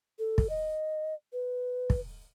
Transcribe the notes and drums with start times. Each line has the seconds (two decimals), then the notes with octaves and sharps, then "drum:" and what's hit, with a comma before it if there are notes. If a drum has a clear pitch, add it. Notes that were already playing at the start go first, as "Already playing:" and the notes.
0.19 A4
0.38 drum: kick
0.50 D#5
1.33 B4
1.90 drum: kick